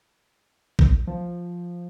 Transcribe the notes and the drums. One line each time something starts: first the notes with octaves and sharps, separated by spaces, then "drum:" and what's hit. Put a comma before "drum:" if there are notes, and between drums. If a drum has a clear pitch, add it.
drum: kick
F3